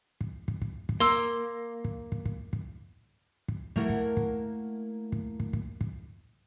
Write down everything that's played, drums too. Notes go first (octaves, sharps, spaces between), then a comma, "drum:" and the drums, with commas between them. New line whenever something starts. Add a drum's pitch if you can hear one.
drum: kick
drum: kick
drum: kick
drum: kick
A#3 C6 E6
drum: kick
drum: kick
drum: kick
drum: kick
drum: kick
A3 A#3 E4 A#4 F#5, drum: kick
drum: kick
drum: kick
drum: kick
drum: kick
drum: kick
drum: kick